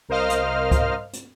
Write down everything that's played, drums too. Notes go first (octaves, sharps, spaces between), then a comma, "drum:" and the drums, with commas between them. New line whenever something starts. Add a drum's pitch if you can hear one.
C2 A#4 C5 D#5 F5 F6
drum: hi-hat
drum: kick, hi-hat
drum: hi-hat